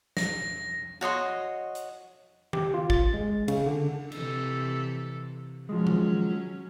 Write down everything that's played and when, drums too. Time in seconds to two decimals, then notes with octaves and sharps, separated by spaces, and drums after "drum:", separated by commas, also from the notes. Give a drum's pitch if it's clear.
0.17 A#6, drum: snare
1.01 F#4 C#5 D#5 C6
1.75 drum: hi-hat
2.53 G4, drum: tom D#3
2.74 F4
2.90 A6, drum: kick
3.14 G#3
3.48 C#3, drum: cymbal
3.66 D3
4.12 C3 E3 A4, drum: cymbal
5.69 F3 F#3 G#3 C#4
5.87 drum: tom D#3